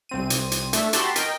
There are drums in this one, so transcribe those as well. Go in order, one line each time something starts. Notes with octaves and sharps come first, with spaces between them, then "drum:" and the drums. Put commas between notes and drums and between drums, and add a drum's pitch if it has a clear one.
C2 C4 D#7
drum: hi-hat
drum: hi-hat
A3 D4 A4, drum: hi-hat
F#4 G4 A4 A5 B5 C6, drum: hi-hat
A#4 D#5 G5, drum: hi-hat